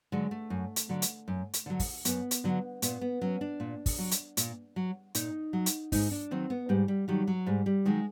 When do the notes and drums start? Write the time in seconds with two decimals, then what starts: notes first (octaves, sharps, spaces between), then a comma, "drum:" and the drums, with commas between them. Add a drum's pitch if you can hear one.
0.12 D3 F#3 G#3
0.31 A3
0.50 F#2
0.76 drum: hi-hat
0.89 D3 F#3
1.02 drum: hi-hat
1.28 F#2
1.54 drum: hi-hat
1.66 D3 F#3
1.79 drum: kick, open hi-hat
2.05 F#2 B3, drum: hi-hat
2.31 drum: hi-hat
2.44 D3 F#3
2.82 A#2 B3, drum: hi-hat
3.01 B3
3.21 F#3 C#4
3.41 D4
3.60 A#2
3.86 drum: kick, open hi-hat
3.99 F#3
4.12 drum: hi-hat
4.37 A#2, drum: hi-hat
4.76 F#3
5.15 A#2 D#4, drum: hi-hat
5.53 F#3
5.66 drum: hi-hat
5.92 G#2 D#4, drum: kick, open hi-hat
6.11 D4
6.31 D#3 F#3 C4
6.50 B3
6.69 G#2 G3
6.88 G3
7.08 D#3 F#3 G3
7.27 F#3
7.46 G#2 G3
7.66 G3
7.85 D#3 F#3 G#3